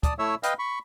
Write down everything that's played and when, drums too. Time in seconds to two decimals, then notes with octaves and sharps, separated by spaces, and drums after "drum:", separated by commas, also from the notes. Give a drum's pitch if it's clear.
0.03 D5 A5 D#6, drum: kick, hi-hat
0.19 A3 E4 C#5 E5 E6
0.43 B4 D#5 F5 G5, drum: hi-hat
0.59 B5 C#6